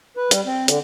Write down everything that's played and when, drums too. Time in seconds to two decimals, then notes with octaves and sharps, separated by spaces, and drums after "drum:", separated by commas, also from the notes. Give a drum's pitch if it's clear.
0.17 B4
0.31 G3, drum: hi-hat
0.46 C4
0.68 D3, drum: hi-hat